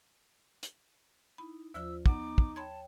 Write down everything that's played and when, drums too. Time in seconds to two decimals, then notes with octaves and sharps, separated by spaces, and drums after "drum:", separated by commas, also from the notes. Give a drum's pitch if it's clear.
0.63 drum: hi-hat
1.38 D#4 E4 B5
1.74 D#2 F3 F4 C5 E6
2.06 B3 D#4 F#5 D6, drum: kick
2.38 drum: kick
2.56 C#5 G5 A5 B5 C6 G#6